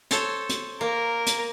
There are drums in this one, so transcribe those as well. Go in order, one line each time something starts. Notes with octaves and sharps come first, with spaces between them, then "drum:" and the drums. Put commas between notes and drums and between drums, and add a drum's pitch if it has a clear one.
A4 C5 C#5, drum: hi-hat
drum: hi-hat
A#3 A#4
drum: hi-hat